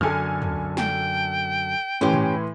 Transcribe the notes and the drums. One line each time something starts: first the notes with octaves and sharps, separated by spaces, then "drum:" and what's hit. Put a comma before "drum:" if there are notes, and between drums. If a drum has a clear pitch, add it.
F#2 D3 A4 G#5 F6
drum: tom
G5, drum: snare
A2 E3 C#4 G4 C6
drum: tom